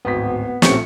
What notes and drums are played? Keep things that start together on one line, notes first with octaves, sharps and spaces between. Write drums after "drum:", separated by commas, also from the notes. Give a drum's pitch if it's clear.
D1 G#1 B3 B6
A#1 A2 A3 C4 C#4 G4 C#6 C#7, drum: snare